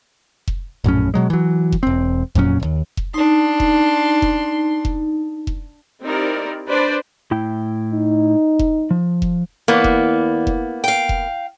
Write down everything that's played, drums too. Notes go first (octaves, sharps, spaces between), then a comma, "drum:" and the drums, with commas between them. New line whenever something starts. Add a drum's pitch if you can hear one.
drum: kick F1
A#1 F#2 A2 C#4
B2 F#3 G#3
E3 F#3
drum: kick F1
E1 C4
F2 A#2 F#3 C#4, drum: kick F1
E1 D#2
drum: kick F1
D4 D#4 C6
drum: kick F1
drum: kick F1
drum: kick F1
drum: kick F1
C4 D#4 E4 G4 A#4 D5
D4 B4 C5 D5
A2 E4 G5
D#4
drum: kick F1
F3
drum: kick F1
E2 A#3 B3
drum: kick F1
drum: kick F1
F5 G5
drum: kick F1